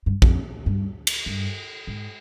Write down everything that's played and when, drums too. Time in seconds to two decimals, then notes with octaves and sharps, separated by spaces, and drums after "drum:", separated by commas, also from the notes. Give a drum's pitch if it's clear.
0.06 G2
0.22 F2, drum: kick
0.66 G2
1.07 drum: cymbal
1.26 G2
1.87 G#2